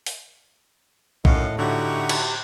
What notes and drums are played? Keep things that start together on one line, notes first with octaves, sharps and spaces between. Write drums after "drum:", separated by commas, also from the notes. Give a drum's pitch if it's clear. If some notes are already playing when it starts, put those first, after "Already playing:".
drum: open hi-hat
F#2 A2 D#3 D#5 F5 F#5, drum: kick A#1
D3 D#4 E4 F#4 G4
drum: cymbal